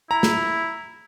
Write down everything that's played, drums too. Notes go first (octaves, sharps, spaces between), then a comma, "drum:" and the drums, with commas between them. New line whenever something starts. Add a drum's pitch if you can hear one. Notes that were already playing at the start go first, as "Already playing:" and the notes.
E4 A#5
drum: snare